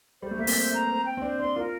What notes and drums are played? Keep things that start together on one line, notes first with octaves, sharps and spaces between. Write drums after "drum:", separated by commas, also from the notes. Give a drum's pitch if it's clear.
G3 C5
A3
A#3 E5
C4, drum: open hi-hat
C5
A#5
C5
G5
C4
D4 C5
D4 C6
F4 A#4